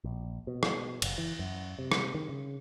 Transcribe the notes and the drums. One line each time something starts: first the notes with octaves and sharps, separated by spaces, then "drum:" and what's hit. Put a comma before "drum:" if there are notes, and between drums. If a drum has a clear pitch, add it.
A#1
B2
drum: rim click
F#1, drum: cymbal
E3
F#2
C3
drum: rim click
D#3
C#3